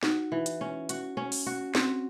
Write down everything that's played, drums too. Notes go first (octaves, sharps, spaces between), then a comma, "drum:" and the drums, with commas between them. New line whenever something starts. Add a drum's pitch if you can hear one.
D#4 F#4, drum: snare
E3
drum: hi-hat
C#4
F#4, drum: hi-hat
C#4
drum: open hi-hat
F#4
C4 F#4, drum: snare